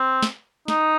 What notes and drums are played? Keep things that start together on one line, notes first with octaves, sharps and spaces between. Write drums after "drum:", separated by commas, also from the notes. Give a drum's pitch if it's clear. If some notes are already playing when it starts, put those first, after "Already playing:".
Already playing: C4
drum: snare
D#4, drum: snare